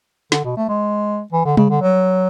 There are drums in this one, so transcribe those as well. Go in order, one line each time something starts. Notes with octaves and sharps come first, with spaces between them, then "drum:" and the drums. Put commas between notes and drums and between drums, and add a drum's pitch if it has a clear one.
D3, drum: snare
B2
A3
G#3
E3
D3
C#3, drum: tom G3
D3
F#3